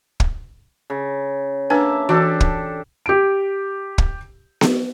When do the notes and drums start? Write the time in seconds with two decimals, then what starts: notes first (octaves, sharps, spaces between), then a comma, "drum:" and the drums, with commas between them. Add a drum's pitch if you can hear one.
0.20 drum: kick
0.90 C#3
1.70 A#3 D4 B4 E5 G#5 A5
2.09 E3 D4 F#4 G4 A4 D6
2.40 drum: kick
3.06 G4 D7
3.98 drum: kick
4.61 drum: snare B3